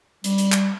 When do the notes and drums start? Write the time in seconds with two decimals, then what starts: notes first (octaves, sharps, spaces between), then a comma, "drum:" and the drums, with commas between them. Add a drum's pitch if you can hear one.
0.24 G3, drum: hi-hat
0.38 drum: hi-hat
0.52 drum: clap